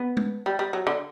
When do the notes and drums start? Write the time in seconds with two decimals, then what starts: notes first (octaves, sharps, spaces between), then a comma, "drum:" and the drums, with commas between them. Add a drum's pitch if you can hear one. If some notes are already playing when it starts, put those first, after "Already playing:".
Already playing: B3
0.17 drum: tom G#3
0.46 G3
0.59 G3
0.73 F#3
0.87 D3